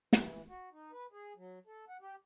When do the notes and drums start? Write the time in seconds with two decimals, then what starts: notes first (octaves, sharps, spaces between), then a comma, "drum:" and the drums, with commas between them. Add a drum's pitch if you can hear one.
0.13 E3, drum: snare
0.48 F#4
0.72 D#4
0.91 B4
1.12 G#4
1.36 F#3
1.67 A4
1.89 F#5
2.01 G4